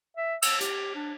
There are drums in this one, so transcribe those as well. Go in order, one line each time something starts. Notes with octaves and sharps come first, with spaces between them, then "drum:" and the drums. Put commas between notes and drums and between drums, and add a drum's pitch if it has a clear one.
E5
E6, drum: cymbal
G4, drum: hi-hat
D4